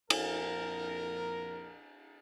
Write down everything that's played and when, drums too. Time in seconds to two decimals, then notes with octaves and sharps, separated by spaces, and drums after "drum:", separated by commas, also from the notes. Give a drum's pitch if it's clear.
0.10 A#1 F2 A#4, drum: cymbal